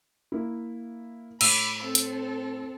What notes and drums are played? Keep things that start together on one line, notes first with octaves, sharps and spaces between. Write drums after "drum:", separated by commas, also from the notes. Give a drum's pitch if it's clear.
A#3 E4
A2 B5 D6 E6, drum: cymbal
C4 A4
drum: hi-hat